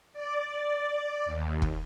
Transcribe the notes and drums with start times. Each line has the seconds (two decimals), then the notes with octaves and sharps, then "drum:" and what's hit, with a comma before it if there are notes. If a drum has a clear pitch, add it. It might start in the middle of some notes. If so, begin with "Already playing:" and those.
0.13 D5
0.62 D5
1.26 D#2
1.62 drum: kick F1